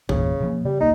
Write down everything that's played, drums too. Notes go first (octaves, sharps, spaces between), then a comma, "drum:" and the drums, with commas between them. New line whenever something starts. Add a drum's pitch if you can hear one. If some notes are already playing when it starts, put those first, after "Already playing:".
G1 E2 A#2 C#3, drum: kick A#1
B2 F3 A#3
C#3 G3
D#1 C#2 A#3 D#4